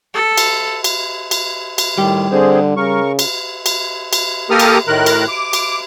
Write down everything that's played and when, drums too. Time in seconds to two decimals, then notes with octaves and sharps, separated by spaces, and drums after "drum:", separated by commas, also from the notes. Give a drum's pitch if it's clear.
0.14 A4
0.37 drum: cymbal
0.84 drum: cymbal
1.31 drum: cymbal
1.78 drum: cymbal
1.98 A2 D#3 G3 G4
2.32 D3 C4 G#4 C5
2.77 C#3 A#4 C#6
3.19 drum: cymbal
3.66 drum: cymbal
4.13 drum: cymbal
4.50 A#3 G4 A4 A#4 D#6 F6
4.59 drum: cymbal
4.87 A2 D#3 A#4 F#6
5.06 drum: cymbal
5.29 D6
5.53 drum: cymbal